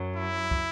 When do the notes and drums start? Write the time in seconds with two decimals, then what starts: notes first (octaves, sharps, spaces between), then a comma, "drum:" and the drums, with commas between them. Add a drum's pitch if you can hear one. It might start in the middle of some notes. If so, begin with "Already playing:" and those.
Already playing: F#2 F#3
0.17 E4
0.51 drum: kick